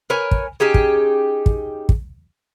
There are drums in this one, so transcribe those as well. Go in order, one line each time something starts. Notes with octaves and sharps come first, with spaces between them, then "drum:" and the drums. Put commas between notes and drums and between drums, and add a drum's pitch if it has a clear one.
A#4 B4 C#5 G#5
drum: kick
C#4 D#4 G4 G#4
drum: kick
drum: kick
drum: kick